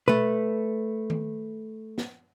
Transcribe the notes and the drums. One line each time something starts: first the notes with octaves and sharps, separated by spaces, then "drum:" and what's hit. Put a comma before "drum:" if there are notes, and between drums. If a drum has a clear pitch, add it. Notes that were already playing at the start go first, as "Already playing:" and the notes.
A3 B4, drum: tom B2
drum: tom D#3
drum: snare